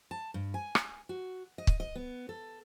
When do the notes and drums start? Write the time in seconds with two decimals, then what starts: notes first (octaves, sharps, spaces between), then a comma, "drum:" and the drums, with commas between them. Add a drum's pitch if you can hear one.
0.11 A5
0.34 G2
0.54 G#5
0.75 drum: rim click
1.09 F#4
1.58 D#5
1.67 drum: kick
1.80 D#5
1.95 B3
2.29 A4